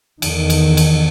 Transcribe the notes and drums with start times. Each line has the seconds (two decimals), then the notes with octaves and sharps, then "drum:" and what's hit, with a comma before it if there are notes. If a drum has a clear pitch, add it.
0.22 E2 D#3, drum: cymbal
0.50 drum: cymbal
0.77 drum: cymbal